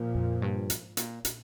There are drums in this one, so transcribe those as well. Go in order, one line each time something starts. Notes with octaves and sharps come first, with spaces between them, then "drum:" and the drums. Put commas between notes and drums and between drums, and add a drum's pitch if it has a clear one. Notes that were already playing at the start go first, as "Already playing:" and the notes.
Already playing: A#2 F3 A#3
F2
G2
G#2, drum: hi-hat
A#2, drum: hi-hat
A#2, drum: hi-hat